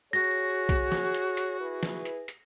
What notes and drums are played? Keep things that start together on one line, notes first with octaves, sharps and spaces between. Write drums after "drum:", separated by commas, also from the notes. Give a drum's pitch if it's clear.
F#4 G#4 C#5 A#6
drum: kick B1, hi-hat
drum: snare
drum: hi-hat
drum: hi-hat
E4 G#4 B4
drum: snare
drum: hi-hat
drum: hi-hat